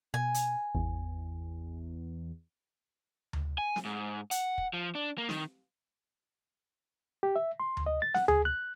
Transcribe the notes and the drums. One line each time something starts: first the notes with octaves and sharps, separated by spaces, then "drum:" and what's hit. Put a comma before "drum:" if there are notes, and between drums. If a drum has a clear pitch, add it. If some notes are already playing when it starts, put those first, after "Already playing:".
B2 G#5
drum: hi-hat
G#1 E2
drum: tom D2
G#5
drum: snare
G#2
F#5, drum: hi-hat
drum: kick
F3
D4
A#3
D#3, drum: snare
G4
E5
C6
drum: tom D2
D#5
A6
F#5, drum: snare
G#4, drum: tom D2
F#6